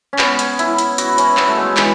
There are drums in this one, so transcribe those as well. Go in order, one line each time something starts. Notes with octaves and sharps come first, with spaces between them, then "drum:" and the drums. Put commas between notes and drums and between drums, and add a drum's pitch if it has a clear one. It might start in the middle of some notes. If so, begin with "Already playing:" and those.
C#4
B3, drum: clap
drum: hi-hat
E4, drum: hi-hat
drum: hi-hat
F#4, drum: hi-hat
C#4, drum: hi-hat
B3, drum: clap
A3
G#3
E3, drum: clap